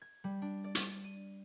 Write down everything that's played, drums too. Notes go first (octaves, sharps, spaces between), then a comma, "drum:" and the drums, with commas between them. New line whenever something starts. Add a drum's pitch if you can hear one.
G#6
G3
D4
D5
drum: hi-hat
D#7